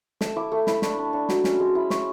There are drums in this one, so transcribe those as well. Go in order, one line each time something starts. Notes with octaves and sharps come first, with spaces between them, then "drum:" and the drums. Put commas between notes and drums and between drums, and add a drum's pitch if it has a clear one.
A3 E6, drum: snare
E4 D6
A3 C#6
E4 B5, drum: snare
D4 C#6, drum: snare
D4
D4 C#6
F#3, drum: snare
C#4, drum: snare
G#3
E4 B5
E4 C#6, drum: snare